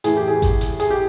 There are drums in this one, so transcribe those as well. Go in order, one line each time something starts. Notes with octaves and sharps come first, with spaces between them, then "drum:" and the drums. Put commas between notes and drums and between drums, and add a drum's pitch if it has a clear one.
A2 E3 G#4, drum: hi-hat
G4
G#4
drum: kick G#1, hi-hat
drum: hi-hat
G#4, drum: hi-hat
G4